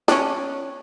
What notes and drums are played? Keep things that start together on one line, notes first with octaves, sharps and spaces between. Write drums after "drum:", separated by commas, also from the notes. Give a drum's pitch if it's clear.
C#4 D4, drum: snare